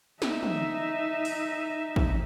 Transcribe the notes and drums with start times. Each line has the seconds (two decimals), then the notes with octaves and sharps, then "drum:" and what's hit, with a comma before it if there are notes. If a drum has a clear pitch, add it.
0.22 D#4 E5, drum: snare
0.43 drum: tom
1.25 drum: open hi-hat
1.96 drum: kick A1